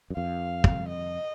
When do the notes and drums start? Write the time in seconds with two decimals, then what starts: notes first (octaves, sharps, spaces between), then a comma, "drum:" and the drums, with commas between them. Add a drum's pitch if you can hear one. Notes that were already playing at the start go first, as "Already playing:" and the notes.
0.10 F#2
0.16 F2 F5
0.64 drum: kick
0.89 D#5